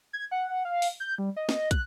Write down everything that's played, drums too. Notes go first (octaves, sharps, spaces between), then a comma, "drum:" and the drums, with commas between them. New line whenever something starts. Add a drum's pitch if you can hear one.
G#6
F#5
F5
drum: open hi-hat
G6
G3
D#5
drum: snare
F#6, drum: kick, hi-hat